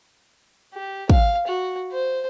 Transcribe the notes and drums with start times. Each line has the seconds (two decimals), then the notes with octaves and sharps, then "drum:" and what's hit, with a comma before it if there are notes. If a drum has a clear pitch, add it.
0.74 G4
1.10 F5, drum: kick
1.47 F#4
1.92 C5